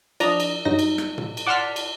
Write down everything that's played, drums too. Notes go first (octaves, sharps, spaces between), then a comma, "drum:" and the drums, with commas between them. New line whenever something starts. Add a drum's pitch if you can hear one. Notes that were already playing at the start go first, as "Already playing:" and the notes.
F3 D4 D5 D#5 A#5, drum: cymbal
drum: cymbal
G2 F#3 D#4 A#6
drum: cymbal
drum: rim click
drum: tom
drum: cymbal
D5 F#5 A5 C6 F6 B6
drum: cymbal